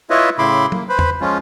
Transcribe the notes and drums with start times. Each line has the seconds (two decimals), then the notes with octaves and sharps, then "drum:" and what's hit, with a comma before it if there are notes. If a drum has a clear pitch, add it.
0.10 E4 F4 B4 C#5 D#5 E5
0.38 A2 C#3 E4 B5 C6 D6
0.72 A#3, drum: tom
0.89 B4 C5 B5
0.99 drum: tom E2
1.21 F3 G#3 C#4 F4